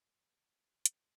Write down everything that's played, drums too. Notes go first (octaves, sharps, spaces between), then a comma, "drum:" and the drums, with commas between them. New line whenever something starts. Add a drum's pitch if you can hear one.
C5
C2
G2, drum: hi-hat